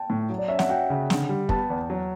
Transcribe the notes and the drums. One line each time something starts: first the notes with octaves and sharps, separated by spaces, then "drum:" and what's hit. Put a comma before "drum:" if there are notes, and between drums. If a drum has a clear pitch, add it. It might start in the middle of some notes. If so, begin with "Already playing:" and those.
Already playing: G5 A5
A2
F#3
D5
C#4 E5
F#5, drum: snare
F#4 G5
C#3
D3, drum: snare
G3
B3 A5, drum: kick
E2
F#3